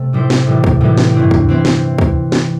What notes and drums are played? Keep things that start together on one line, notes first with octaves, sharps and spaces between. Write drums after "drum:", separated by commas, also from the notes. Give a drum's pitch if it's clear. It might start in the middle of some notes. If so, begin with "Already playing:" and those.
Already playing: C3 A3 A4
A2 G3 E4 C5
drum: snare
A2 E3 G3
drum: kick C#2
A2 E3 G3
drum: snare
G2 E3 C4
drum: kick C#2
E3 C4
drum: snare
drum: kick C#2
drum: snare